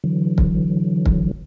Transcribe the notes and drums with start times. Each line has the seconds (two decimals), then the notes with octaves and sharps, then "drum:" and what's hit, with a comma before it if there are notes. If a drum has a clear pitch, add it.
0.04 D3 E3 F#3
0.38 drum: kick
1.06 drum: kick